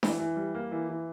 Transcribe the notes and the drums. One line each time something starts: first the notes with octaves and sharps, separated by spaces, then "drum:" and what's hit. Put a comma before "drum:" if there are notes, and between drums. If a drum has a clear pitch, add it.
E3, drum: snare D4
E3
G3
A#3
E3
E3